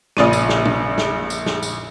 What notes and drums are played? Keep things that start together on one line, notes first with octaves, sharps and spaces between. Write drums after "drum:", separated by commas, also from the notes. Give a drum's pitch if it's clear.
A#1 C#3 D5 D#7, drum: snare
drum: tambourine
drum: snare
drum: tom
drum: snare
drum: tambourine
drum: snare
drum: tambourine